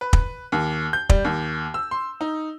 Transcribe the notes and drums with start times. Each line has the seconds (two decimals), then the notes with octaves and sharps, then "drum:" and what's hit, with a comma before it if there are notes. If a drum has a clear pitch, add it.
0.01 B4
0.13 drum: kick
0.52 D#2
0.93 G6
1.09 G3, drum: kick
1.25 D#2
1.74 E6
1.91 C6
2.21 D#4